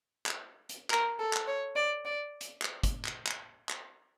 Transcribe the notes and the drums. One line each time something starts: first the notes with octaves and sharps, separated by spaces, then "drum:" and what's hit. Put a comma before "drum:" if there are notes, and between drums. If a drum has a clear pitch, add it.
drum: clap
drum: hi-hat
A#4, drum: clap
A4
drum: clap
C#5
D5
D5
drum: hi-hat
drum: clap
drum: kick, hi-hat
drum: clap
drum: clap
drum: clap